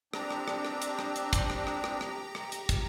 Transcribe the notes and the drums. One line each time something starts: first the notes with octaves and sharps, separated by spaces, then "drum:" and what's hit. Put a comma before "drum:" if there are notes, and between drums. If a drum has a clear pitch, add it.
C4 D4 G4 A#5, drum: rim click
drum: rim click
drum: rim click
drum: rim click
drum: hi-hat
drum: rim click
drum: hi-hat
drum: kick, hi-hat
drum: rim click
drum: rim click
drum: rim click
drum: rim click
drum: rim click
drum: hi-hat
drum: kick, hi-hat